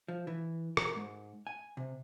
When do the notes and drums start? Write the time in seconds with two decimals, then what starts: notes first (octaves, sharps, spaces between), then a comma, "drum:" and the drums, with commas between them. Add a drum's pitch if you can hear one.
0.08 F3
0.27 E3
0.77 A#4, drum: rim click
0.96 G#2
1.47 G#5
1.77 C3